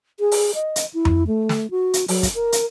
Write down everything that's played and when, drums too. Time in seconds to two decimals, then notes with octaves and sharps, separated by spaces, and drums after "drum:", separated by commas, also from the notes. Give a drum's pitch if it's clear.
0.20 G#4
0.31 drum: open hi-hat
0.55 D#5
0.76 drum: hi-hat
0.94 E4
1.05 drum: tom F2
1.27 A3
1.49 drum: snare
1.71 F#4
1.94 drum: hi-hat
2.08 F#3, drum: open hi-hat
2.23 drum: kick, hi-hat
2.35 A#4
2.52 drum: hi-hat